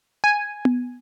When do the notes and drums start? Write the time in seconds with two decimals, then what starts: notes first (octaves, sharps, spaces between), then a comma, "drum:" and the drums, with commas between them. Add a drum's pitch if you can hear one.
0.24 G#5
0.65 drum: tom B3